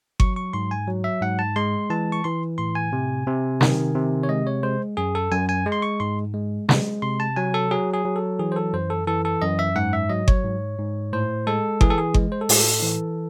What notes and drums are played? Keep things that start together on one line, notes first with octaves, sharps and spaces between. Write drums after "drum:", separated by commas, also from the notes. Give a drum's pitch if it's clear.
F#3 C#6, drum: kick G1
C#6
G#2 C6
G#5
F#3
E5
G#2 F#5
A5
G#3 C6
E3 A5
C#6
E3 C6
A2 C6
G#5
C3
C3
D#3, drum: snare
C3
C#5
G#3 D#5
C#5
G#3 C5
F#2 G#4
A4
F#2 G#5
G#5
G#3
C6
C#6
G#2 C6
G#3
G#3, drum: snare
C3 C6
A5
F#3 G#5
A4
F#3 G#4
G#4
F#3
A4
E3 G#4
C5
A4
F#2 C5
A4
E3 A4
A4
F#2 D#5
E5
G#2 F#5
E5
F#3 D#5
C#5, drum: kick G1
G#2
G#2
A2 C5
G#3 A4
E3 G#4, drum: kick G1
A4
G#4
G#3, drum: kick G1
C5
A4
A2 G#4, drum: open hi-hat
A4
E3